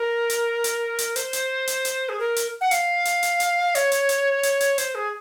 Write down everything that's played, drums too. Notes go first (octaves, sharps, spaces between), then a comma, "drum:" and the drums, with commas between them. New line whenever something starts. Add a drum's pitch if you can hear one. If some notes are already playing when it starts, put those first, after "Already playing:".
Already playing: A#4
drum: hi-hat
drum: hi-hat
drum: hi-hat
C5, drum: hi-hat
drum: hi-hat
drum: hi-hat
drum: hi-hat
G#4
A#4
drum: hi-hat
F#5
F5, drum: hi-hat
drum: hi-hat
drum: hi-hat
drum: hi-hat
C#5, drum: hi-hat
drum: hi-hat
drum: hi-hat
drum: hi-hat
drum: hi-hat
C5, drum: hi-hat
G#4